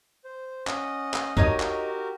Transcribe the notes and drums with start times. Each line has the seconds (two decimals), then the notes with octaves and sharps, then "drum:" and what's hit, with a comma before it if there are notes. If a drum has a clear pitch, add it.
0.24 C5
0.67 C#4 D#5 F#5, drum: clap
1.14 drum: clap
1.37 D#4 F#4 G4 A#4 C#5 D#5, drum: kick
1.60 drum: clap